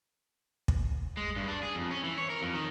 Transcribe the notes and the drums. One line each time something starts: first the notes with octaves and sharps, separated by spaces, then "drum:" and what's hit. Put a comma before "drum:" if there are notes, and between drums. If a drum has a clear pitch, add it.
drum: kick
G#3
G2
D4
G#4
F2
C#4
E3
C#5
A#4
F2
D#3